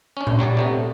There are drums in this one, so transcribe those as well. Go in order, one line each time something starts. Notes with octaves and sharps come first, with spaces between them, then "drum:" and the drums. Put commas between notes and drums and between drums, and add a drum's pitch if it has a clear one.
C#4 D4
drum: tom A#2
F#3 G3 C#5 D5
C3 A3 B3